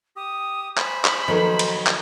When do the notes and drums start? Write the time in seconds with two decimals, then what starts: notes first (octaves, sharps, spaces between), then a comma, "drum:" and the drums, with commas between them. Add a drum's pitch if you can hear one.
0.16 G4 D#6
0.78 C5 G#5 B5, drum: clap
1.05 drum: clap
1.28 D#3 F3 F#3 A#3 A4 B4
1.59 drum: cymbal
1.87 drum: clap